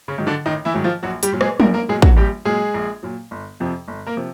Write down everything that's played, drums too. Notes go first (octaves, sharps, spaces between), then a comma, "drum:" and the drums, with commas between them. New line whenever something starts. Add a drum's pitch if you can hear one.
C#3 C#4
G#2 D#3 F#3
D3 D4
A1 D#3 D#4
E3 E4
G#2 D#3 F#3
F3 F4
A#1 F#3 F#4
G3 G4, drum: hi-hat
A#2 F#3
G#3 G#4, drum: rim click
A#1 A#3 A#4, drum: tom
A#3 A#4
A#2 F#3 G#3 G#4
F#3 F#4, drum: kick
A#1 G3 G4
A#2 F#3 G#3 G#4
A#1
A#2 F#3
G1
F2 C3 F3
G1
A#3 A#4
C3 F3